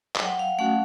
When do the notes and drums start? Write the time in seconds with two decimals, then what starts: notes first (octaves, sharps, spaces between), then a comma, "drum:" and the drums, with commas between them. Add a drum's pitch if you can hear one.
0.16 G5, drum: clap
0.21 F#3 F#5
0.39 F5
0.59 A3 C#4 F#4 F#5